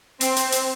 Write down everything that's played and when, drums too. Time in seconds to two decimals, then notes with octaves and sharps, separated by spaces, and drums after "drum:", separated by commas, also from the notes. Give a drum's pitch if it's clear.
0.21 C4, drum: hi-hat
0.37 drum: hi-hat
0.52 drum: hi-hat